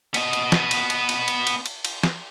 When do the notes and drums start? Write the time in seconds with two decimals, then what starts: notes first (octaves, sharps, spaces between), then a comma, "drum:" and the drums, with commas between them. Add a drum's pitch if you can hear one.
0.14 B3 D#5, drum: cymbal
0.33 drum: cymbal
0.52 drum: snare
0.71 drum: cymbal
0.90 drum: cymbal
1.09 drum: cymbal
1.28 drum: cymbal
1.47 drum: cymbal
1.66 drum: cymbal
1.85 drum: cymbal
2.03 drum: snare